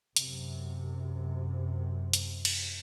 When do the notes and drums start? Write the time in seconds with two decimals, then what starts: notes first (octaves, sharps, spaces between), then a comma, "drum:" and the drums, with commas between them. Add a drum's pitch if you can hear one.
0.16 F#2 C3, drum: hi-hat
2.13 drum: hi-hat
2.45 drum: cymbal